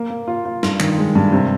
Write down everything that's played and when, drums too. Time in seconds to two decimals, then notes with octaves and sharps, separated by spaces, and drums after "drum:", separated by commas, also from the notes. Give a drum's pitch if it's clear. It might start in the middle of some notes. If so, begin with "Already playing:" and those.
Already playing: A#3
0.10 A#3
0.28 F4
0.45 F4
0.63 G2, drum: snare
0.80 D#3, drum: clap
0.98 G#3
1.15 G2
1.32 C3